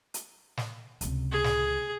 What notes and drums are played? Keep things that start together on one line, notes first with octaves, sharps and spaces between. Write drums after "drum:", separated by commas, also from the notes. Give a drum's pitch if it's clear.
drum: hi-hat
drum: snare
C#2 C3, drum: hi-hat
G#4
drum: snare